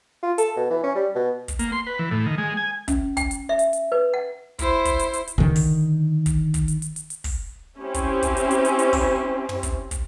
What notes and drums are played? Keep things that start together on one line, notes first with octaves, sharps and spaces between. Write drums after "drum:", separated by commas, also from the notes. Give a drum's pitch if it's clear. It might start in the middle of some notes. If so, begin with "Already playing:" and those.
F4
A4, drum: hi-hat
B2
E3
C#4
G3
B2
drum: kick, hi-hat
A#3, drum: hi-hat
C6
B4
E3
A2
D#3
G#3
G#5
C#4, drum: kick, hi-hat
G5, drum: kick, hi-hat
drum: hi-hat
E5
drum: hi-hat
drum: hi-hat
B4
F#5
E4 C5, drum: kick, hi-hat
drum: kick, hi-hat
drum: hi-hat
drum: hi-hat
drum: hi-hat
D3 D#3
drum: kick, open hi-hat
drum: kick, hi-hat
drum: kick, hi-hat
drum: hi-hat
drum: hi-hat
drum: hi-hat
drum: hi-hat
drum: kick, open hi-hat
C4 C#4 E4 G4
drum: kick, hi-hat
drum: kick, hi-hat
drum: hi-hat
drum: hi-hat
drum: hi-hat
drum: hi-hat
drum: kick, open hi-hat
drum: tom
drum: kick, hi-hat
drum: kick, hi-hat